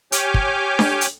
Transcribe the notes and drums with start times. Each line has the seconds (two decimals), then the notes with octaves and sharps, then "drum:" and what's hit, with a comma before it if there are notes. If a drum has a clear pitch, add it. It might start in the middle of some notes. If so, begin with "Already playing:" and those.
0.12 G4 C#5 G#5 D6 F6 G6, drum: hi-hat
0.34 drum: kick
0.79 drum: snare D4
1.01 drum: hi-hat